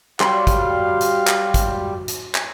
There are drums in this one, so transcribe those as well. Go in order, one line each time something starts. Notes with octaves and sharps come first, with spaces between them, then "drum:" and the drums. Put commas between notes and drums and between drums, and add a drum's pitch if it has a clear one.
F#3 G3 F#4 F5 C6, drum: clap
drum: kick, hi-hat
drum: hi-hat
drum: clap
drum: kick, hi-hat
drum: hi-hat
drum: clap